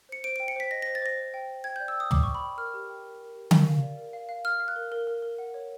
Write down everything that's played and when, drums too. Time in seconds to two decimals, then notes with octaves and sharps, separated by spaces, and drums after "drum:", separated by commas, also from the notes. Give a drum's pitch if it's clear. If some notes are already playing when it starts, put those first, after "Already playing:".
0.09 C5 C#7
0.24 C5 D7
0.36 G5 D7
0.48 C#7
0.56 C5 B6
0.71 D#5 A#6
0.82 C5 A#6
0.95 A6
1.02 C5 A#6
1.18 C5
1.34 G5
1.50 C5
1.64 G5 G#6
1.76 D5 G6
1.88 E6
1.96 G5 D#6
2.11 D5 D6, drum: tom
2.23 G5 C#6
2.35 B5
2.43 G5
2.57 A#4 F6
2.74 G4
2.89 G5
3.04 A#4
3.20 A#4
3.36 G4
3.51 A#4, drum: tom D3
3.67 F5
3.82 D5
3.98 A#4
4.13 F5
4.29 F5
4.45 F5 F6
4.60 F5
4.68 F#6
4.76 A#4
4.92 A#4
5.07 A#4
5.22 A#4
5.38 F#5
5.54 C#5